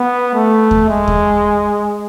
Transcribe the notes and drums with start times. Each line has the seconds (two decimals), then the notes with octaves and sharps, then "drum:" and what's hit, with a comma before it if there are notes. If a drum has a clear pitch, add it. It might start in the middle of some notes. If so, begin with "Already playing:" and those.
Already playing: B3
0.34 A3
0.71 drum: kick D#2
0.89 G#3
1.08 drum: kick D#2